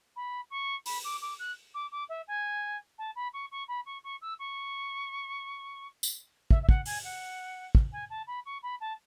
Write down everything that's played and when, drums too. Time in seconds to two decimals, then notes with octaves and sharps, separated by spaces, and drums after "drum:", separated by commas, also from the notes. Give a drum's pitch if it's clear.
0.16 B5
0.50 C#6
0.86 B5, drum: open hi-hat
1.04 D6
1.21 D6
1.39 F#6
1.74 D6
1.91 D6
2.09 E5
2.27 G#5
2.98 A5
3.15 B5
3.33 C#6
3.51 C#6
3.68 B5
3.85 C#6
4.03 C#6
4.21 E6
4.39 C#6
6.03 drum: tambourine
6.51 E5, drum: kick
6.62 E5
6.69 F#5, drum: kick
6.86 G#5, drum: open hi-hat
7.04 F#5
7.75 drum: kick
7.92 G#5
8.10 A5
8.27 B5
8.45 C#6
8.63 B5
8.80 A5